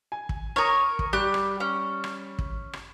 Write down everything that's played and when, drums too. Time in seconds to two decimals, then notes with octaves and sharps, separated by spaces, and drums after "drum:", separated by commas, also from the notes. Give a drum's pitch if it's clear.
0.12 G#5
0.29 drum: kick
0.56 A#4 C#5 D#6 F6
0.99 drum: kick
1.13 G3 G4 F#6
1.34 drum: rim click
1.60 C#4
2.04 drum: rim click
2.39 drum: kick
2.73 drum: rim click